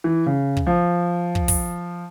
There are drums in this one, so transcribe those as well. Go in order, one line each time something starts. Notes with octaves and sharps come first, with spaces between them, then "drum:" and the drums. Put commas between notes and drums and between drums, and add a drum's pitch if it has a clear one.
E3
C#3
drum: kick
F3
drum: kick
drum: kick, open hi-hat